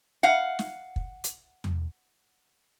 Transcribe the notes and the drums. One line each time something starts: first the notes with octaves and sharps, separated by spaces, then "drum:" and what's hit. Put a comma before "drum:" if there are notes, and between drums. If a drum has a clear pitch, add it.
F5 F#5
drum: snare
drum: kick
drum: hi-hat
drum: tom E2